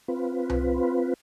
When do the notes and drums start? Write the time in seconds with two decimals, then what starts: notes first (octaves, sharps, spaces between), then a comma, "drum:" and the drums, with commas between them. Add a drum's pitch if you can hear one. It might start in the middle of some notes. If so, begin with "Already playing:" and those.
0.08 C4 F4 B4
0.50 drum: tom C2